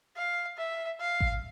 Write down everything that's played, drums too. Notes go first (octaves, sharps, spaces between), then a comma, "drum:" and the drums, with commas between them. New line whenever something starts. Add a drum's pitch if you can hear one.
F5
E5
F5
drum: kick A1